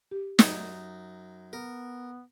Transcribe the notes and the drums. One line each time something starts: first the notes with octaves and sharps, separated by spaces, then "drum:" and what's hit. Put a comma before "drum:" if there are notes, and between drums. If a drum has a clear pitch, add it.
G4
F#2 D#4, drum: snare
B3 A#4